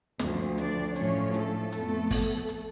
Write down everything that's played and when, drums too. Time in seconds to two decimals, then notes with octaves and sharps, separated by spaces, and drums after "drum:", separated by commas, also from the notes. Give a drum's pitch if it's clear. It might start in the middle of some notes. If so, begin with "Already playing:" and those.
0.19 D2 D3 F3, drum: snare
0.58 D4 D5, drum: hi-hat
0.96 A2 F3 A3 C#4 D4 C#5, drum: hi-hat
1.34 A3 A4, drum: hi-hat
1.72 F2 F3 B3, drum: hi-hat
2.11 drum: kick, open hi-hat
2.49 drum: hi-hat